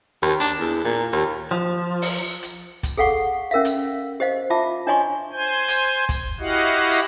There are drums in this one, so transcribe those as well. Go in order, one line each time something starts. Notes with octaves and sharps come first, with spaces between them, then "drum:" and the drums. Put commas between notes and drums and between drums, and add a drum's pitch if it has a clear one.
D#2
D4, drum: hi-hat
E2
A#2
D#2
F3
drum: open hi-hat
drum: hi-hat
drum: kick, hi-hat
G#4 A4 F5 F#5 C#6
C#4 A#4 E5 F5
drum: hi-hat
G4 C5 D#5 F5
F4 E5 A5 D6
D4 C#5 D#5 G#5 C6 C#6
C5 G#5 G6
drum: hi-hat
drum: kick, hi-hat
E4 F#4 G4 D#5 F5 F#5
drum: hi-hat